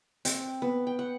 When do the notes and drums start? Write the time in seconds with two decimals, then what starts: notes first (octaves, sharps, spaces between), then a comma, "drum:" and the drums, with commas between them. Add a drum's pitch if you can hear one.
0.25 C4, drum: hi-hat
0.62 B3
0.87 G5
0.99 F#5